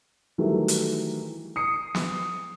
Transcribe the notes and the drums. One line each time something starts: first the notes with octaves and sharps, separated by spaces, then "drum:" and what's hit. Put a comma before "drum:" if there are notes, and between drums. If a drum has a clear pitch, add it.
D#3 E3 F#3 G3 A3
drum: hi-hat
D#6 C7 C#7
drum: snare